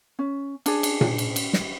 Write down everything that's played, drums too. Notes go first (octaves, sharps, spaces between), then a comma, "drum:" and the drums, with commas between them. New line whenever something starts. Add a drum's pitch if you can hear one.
C#4
D4 G#4, drum: cymbal
drum: cymbal
drum: tom A#2
drum: cymbal
drum: cymbal
drum: snare